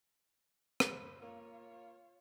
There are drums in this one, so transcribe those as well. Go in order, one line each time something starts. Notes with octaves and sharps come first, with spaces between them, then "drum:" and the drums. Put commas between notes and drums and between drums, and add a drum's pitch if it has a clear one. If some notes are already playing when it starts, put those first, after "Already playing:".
B4 C5, drum: rim click
A#3 F4 C#5